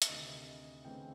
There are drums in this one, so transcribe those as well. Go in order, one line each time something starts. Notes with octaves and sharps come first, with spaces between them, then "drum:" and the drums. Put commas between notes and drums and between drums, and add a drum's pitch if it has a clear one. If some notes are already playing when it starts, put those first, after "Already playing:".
E5, drum: hi-hat
D2 C3 D#3 D#5
D2 C#3 E3 A3 C4 G5